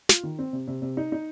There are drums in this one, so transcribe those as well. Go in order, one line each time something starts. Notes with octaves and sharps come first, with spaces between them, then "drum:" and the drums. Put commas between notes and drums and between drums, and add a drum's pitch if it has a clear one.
F4, drum: snare
D#3
C4
C3
C3
C3
D#4
D#4